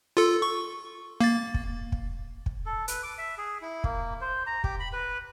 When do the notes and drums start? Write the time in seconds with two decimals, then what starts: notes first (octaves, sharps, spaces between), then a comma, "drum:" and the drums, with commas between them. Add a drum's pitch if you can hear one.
0.17 F4 A4
0.42 C#6
1.21 A#3 A6
1.54 drum: kick
1.92 drum: kick
2.46 drum: kick
2.66 A4
2.88 B4, drum: hi-hat
3.03 D6
3.18 E5
3.38 G#4
3.62 E4
3.84 A#3, drum: kick
4.21 C5
4.47 A#5
4.64 G4, drum: kick
4.80 B5
4.93 B4